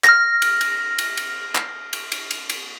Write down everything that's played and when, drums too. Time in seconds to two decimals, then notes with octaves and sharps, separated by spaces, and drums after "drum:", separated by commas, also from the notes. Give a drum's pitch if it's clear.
0.04 F6 A#6, drum: clap
0.42 drum: cymbal
0.61 drum: cymbal
0.98 drum: cymbal
1.17 drum: cymbal
1.55 drum: clap
1.93 drum: cymbal
2.12 drum: cymbal
2.31 drum: cymbal
2.49 drum: cymbal